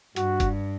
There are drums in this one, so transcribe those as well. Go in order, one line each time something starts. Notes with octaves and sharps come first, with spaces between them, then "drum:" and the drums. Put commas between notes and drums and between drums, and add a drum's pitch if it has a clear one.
G2 F#4, drum: hi-hat
drum: kick F1, hi-hat